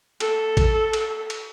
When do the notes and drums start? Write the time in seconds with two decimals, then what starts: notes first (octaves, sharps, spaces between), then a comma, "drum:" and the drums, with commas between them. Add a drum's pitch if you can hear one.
0.20 A4, drum: cymbal
0.57 drum: kick A1, cymbal
0.93 drum: cymbal
1.30 drum: cymbal